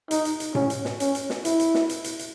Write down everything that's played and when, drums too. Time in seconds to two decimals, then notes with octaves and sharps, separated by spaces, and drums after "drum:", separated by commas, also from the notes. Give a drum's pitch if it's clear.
0.11 D#4, drum: hi-hat
0.25 drum: hi-hat
0.40 drum: hi-hat
0.55 C#4, drum: tom A2
0.70 drum: hi-hat
0.85 drum: snare
1.00 C#4, drum: hi-hat
1.15 drum: hi-hat
1.30 drum: snare
1.45 E4, drum: hi-hat
1.60 drum: hi-hat
1.74 drum: snare
1.89 drum: hi-hat
2.04 drum: hi-hat
2.19 drum: hi-hat